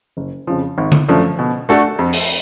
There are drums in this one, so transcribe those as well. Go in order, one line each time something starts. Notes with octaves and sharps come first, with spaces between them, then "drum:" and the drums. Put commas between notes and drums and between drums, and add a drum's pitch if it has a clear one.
F#1
F2 C#3 F3
G#1
drum: tom D3
F#2 F3 A3 D4
B2
A3 D4 F#4 A4
F2
drum: open hi-hat